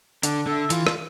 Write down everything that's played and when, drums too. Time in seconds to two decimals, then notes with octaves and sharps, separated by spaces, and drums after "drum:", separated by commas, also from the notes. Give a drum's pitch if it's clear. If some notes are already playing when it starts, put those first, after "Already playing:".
0.23 D3 D4, drum: hi-hat
0.47 D3 A4 E5
0.70 E3 F4, drum: hi-hat
0.87 drum: rim click